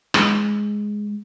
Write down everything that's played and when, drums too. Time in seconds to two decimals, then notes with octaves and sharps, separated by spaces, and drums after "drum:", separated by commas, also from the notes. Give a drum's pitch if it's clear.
0.14 G#3, drum: rim click